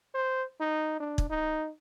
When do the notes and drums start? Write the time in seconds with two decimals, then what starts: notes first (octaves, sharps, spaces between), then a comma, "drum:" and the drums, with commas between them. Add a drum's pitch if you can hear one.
0.15 C5
0.61 D#4
1.00 D4
1.18 drum: kick
1.30 D#4